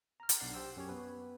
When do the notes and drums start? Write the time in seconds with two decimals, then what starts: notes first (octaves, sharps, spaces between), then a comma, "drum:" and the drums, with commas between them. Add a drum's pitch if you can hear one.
0.20 A#5 F6
0.29 drum: hi-hat
0.40 B1 D4 D5 F#5 C7
0.54 G4 C5 E6
0.77 F#2 C#4 G4 C#5
0.89 B3 B4